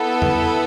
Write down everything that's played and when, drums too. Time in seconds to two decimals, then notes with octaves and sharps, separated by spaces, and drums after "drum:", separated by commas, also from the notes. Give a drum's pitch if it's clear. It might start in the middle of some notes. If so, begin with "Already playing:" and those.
Already playing: B3 E4 A4
0.22 drum: tom E2